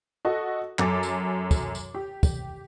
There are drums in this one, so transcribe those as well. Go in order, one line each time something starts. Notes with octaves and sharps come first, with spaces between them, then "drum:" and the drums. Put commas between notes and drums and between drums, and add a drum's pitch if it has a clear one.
F#4 A4 D#5
F#2 A4 G#5 D6 A6, drum: clap
drum: tambourine
drum: kick, tambourine
drum: tambourine
G4
drum: kick, tambourine